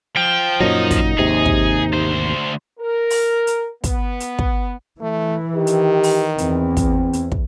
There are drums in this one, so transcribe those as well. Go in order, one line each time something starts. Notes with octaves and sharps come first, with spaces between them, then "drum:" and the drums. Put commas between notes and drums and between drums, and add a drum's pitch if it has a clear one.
F3 G5
F#2 A#2 F#3 D#4
drum: kick, hi-hat
G#1 D#2 C3 G#4
drum: kick
D2 C5
A#4
drum: open hi-hat
drum: hi-hat
B3, drum: kick, hi-hat
drum: hi-hat
drum: kick
E3 A3
D#3 G4
drum: hi-hat
drum: open hi-hat
E2 C4, drum: hi-hat
drum: kick, hi-hat
drum: hi-hat
drum: kick